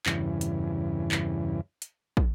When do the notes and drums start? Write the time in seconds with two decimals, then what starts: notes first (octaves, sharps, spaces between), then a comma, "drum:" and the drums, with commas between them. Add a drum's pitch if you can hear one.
0.06 E2 G2 C#3 E3, drum: clap
0.41 drum: hi-hat
1.11 drum: clap
1.82 drum: hi-hat
2.17 drum: kick